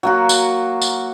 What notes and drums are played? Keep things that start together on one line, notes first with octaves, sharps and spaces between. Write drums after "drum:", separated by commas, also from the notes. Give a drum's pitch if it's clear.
F#3 A#3 F#4
drum: tambourine
drum: tambourine